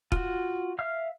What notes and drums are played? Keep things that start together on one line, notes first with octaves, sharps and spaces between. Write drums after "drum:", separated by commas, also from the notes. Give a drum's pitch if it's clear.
F4 F#4, drum: kick
E5 F5 F6